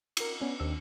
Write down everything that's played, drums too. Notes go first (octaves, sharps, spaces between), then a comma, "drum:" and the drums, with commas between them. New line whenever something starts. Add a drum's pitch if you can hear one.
A#4 C#7, drum: cymbal
B3 C#4 D4
D#2 C4 D4 E6